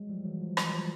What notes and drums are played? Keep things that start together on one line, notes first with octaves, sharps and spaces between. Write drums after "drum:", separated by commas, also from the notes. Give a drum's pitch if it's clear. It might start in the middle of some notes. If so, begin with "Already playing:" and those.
Already playing: F#3 G#3
F3 G3
E3 F#3
F3
E3 F#3, drum: rim click
F3 G3